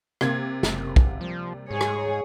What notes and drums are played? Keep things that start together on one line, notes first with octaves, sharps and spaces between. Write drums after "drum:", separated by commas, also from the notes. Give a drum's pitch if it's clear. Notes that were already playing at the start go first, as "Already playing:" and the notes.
C3 A#3 G#6, drum: rim click
F#1, drum: snare
drum: kick
F3 G3
G#2 G#4 C#5
drum: rim click